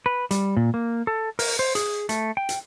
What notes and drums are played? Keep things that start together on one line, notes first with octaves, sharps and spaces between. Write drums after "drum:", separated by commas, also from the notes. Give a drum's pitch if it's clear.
B4
G3, drum: hi-hat
A#2
A#3
A4
A#4, drum: open hi-hat
C5
G#4, drum: hi-hat
A3, drum: hi-hat
G5
drum: hi-hat